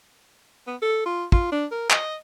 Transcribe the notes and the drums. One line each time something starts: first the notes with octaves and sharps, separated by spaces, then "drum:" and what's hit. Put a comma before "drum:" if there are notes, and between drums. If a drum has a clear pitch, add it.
B3
A4
F4
F4, drum: kick
D4
A#4
D#5, drum: clap